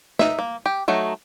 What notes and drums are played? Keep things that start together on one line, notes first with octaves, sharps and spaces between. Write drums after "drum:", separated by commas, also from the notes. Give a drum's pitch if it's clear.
D#4 E5, drum: snare
A#3
G4
F#3 A3 D#4